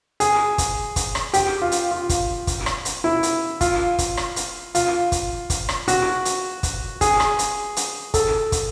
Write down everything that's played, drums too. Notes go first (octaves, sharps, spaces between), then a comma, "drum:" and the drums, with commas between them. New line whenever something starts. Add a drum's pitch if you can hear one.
G#4, drum: hi-hat
drum: kick, hi-hat
drum: kick, hi-hat
drum: rim click
G4, drum: hi-hat
F4
drum: hi-hat
F4
drum: kick, hi-hat
drum: kick, hi-hat
drum: rim click
drum: hi-hat
E4
drum: hi-hat
F4, drum: kick, hi-hat
drum: kick, hi-hat
drum: rim click
drum: hi-hat
F4, drum: hi-hat
drum: kick, hi-hat
drum: kick, hi-hat
drum: rim click
F#4, drum: hi-hat
drum: hi-hat
drum: kick, hi-hat
G#4, drum: kick, hi-hat
drum: rim click
drum: hi-hat
drum: hi-hat
A4, drum: kick, hi-hat
drum: kick, hi-hat